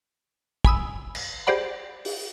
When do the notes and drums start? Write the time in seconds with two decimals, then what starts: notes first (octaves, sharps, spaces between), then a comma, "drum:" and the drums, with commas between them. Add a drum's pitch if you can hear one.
0.65 G#5 B5 D#6 E6, drum: kick
1.15 drum: cymbal
1.47 G4 G#4 C5 D5 F#5 B5
2.05 drum: open hi-hat